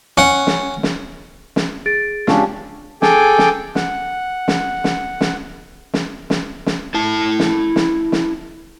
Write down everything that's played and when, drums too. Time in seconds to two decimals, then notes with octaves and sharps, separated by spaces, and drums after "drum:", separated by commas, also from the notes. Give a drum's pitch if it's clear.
0.18 C#4 F#5
0.47 drum: snare
0.83 drum: snare
1.56 drum: snare
1.86 G#4 A6 D7
2.27 C#2 C#4 D4 G4, drum: snare
3.02 G#4 A4 G5 G#5 D6, drum: snare
3.38 drum: snare
3.75 F#5, drum: snare
4.48 drum: snare
4.84 drum: snare
5.21 drum: snare
5.94 drum: snare
6.30 drum: snare
6.66 drum: snare
6.94 E4 A5
7.39 drum: snare
7.76 drum: snare
8.12 drum: snare